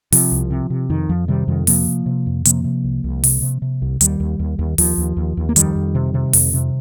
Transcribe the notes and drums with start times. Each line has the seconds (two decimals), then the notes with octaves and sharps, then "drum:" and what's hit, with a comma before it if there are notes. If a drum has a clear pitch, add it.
0.12 C3 F3, drum: open hi-hat
0.32 C2
0.50 C3
0.70 C3
0.90 F2 D#3
1.09 F2 F3
1.28 C3 D#3 G3
1.47 F2 D#3 G3
1.67 C3 F3 A#3, drum: open hi-hat
1.88 C3
2.06 C3
2.26 F2
2.45 C3 F3 A#3, drum: hi-hat
2.64 C3
2.84 C2
3.04 C2
3.24 C3, drum: open hi-hat
3.42 C3
3.62 C3
3.82 C2
4.01 D#2 D#3 G3, drum: hi-hat
4.20 D#2
4.39 D#2
4.59 D#2
4.78 D#2 F3, drum: open hi-hat
4.98 D#2
5.17 D#2
5.37 D#2
5.49 A#3
5.56 F2 D#3 G3, drum: hi-hat
5.75 F2
5.95 C3
6.14 C3
6.33 F2, drum: open hi-hat
6.54 C3